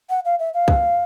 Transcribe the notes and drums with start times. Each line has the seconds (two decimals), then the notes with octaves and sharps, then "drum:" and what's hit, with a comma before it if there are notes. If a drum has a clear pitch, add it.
0.10 F#5
0.25 F5
0.39 E5
0.54 F5
0.68 drum: kick